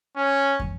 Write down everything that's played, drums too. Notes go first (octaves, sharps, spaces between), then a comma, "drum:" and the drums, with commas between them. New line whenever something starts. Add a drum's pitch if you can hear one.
C#4
drum: kick